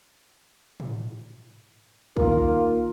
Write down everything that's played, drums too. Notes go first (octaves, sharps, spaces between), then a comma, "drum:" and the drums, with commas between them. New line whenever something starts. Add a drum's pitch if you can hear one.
drum: tom
D#3 A#3 F4 A#4, drum: kick